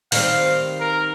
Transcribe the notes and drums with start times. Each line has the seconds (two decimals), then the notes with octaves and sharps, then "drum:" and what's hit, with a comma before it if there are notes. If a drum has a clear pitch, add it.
0.12 D#3 G3 C4 F5, drum: open hi-hat
0.80 A#4